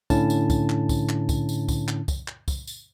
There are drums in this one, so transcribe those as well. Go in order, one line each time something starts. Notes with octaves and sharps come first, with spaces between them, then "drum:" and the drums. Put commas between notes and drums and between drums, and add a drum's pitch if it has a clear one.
A2 D3 C#4 E4 A5, drum: kick, tambourine
drum: tambourine
drum: kick, tambourine
drum: clap
drum: kick, tambourine
drum: clap
drum: kick, tambourine
drum: tambourine
drum: kick, tambourine
drum: clap
drum: kick, tambourine
drum: clap
drum: kick, tambourine
drum: tambourine